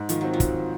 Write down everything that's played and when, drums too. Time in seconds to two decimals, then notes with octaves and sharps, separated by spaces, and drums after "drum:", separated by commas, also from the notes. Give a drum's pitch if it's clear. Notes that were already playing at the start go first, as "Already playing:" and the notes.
Already playing: G#2
0.09 D#3 F3, drum: hi-hat
0.21 F#3 C4
0.34 F3
0.40 F#3, drum: kick, hi-hat